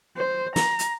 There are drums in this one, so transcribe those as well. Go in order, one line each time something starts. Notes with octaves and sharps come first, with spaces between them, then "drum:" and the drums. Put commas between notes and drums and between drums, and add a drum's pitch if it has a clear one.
C5
A#5, drum: snare
drum: hi-hat